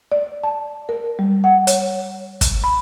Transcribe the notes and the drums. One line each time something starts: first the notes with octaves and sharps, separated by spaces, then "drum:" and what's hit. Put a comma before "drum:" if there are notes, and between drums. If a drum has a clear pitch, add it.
D5
A5
A#4
G3
F#5
C#5, drum: hi-hat
drum: kick, hi-hat
B5